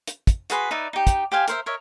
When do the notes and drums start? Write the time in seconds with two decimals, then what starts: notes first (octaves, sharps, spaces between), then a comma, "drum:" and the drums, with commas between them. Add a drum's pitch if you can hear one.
0.07 drum: hi-hat
0.27 drum: kick, hi-hat
0.50 F#4 G#4 B4 C6, drum: hi-hat
0.71 D#4 B4 D5 E5
0.93 D#4 G4
1.07 drum: kick, hi-hat
1.32 G4 C5 F5 G#5
1.48 A#4 C5 E5, drum: hi-hat
1.66 A#4 C#5 D#5 E5